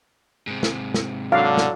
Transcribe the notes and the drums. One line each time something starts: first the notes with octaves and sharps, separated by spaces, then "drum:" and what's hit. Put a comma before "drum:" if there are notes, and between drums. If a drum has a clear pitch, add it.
G#2 C3
drum: snare
drum: snare
D3 F#3 D4 F5
drum: snare